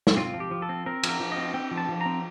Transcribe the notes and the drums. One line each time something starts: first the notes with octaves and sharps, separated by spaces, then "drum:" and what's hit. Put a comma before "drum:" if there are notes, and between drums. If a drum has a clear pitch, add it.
drum: snare
C4 F4
F3
G4
F3
A4
C4
C4 A#4
F3, drum: cymbal
A#4
F3
D#5
C4
C4 G5
F3
A5
F3
C4 A#5